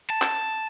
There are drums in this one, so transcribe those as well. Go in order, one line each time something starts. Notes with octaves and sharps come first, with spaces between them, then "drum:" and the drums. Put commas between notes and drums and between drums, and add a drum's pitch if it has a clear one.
A5
drum: clap